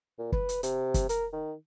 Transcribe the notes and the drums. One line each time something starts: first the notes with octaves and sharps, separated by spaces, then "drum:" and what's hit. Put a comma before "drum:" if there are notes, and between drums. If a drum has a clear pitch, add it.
A#2
B4, drum: kick
drum: hi-hat
C3, drum: hi-hat
drum: kick, hi-hat
A#4, drum: hi-hat
D#3